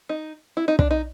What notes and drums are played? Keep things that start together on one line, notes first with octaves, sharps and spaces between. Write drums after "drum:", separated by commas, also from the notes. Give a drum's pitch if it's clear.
D#4
E4
D#4
D4, drum: kick
D#4